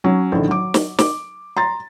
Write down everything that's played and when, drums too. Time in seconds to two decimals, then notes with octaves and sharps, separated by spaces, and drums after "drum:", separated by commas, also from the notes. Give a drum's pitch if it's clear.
0.04 F#3 C#4
0.32 A#1 A2 D3 D#3
0.48 F#3 D6
0.74 drum: snare
0.99 D6, drum: snare
1.57 A#5 C6 A6